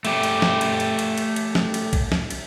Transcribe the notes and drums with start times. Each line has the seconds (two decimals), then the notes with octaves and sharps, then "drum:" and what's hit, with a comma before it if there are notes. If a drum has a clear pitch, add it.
0.05 A3 G4, drum: cymbal
0.23 drum: cymbal
0.42 drum: snare
0.61 drum: cymbal
0.80 drum: cymbal
0.99 drum: cymbal
1.18 drum: cymbal
1.36 drum: cymbal
1.55 drum: snare
1.74 drum: cymbal
1.93 drum: kick, cymbal
2.12 drum: snare
2.30 drum: cymbal